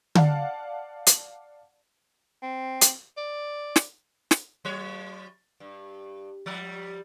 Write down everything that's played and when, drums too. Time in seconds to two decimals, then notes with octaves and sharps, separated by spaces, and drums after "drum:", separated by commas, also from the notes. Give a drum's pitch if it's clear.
0.15 D5 F5 F#5 A5, drum: tom D3
1.07 drum: hi-hat
2.42 C4
2.81 drum: hi-hat
3.17 D5
3.76 drum: snare
4.31 drum: snare
4.65 F#3 C#5
5.60 G2
6.46 F3 G3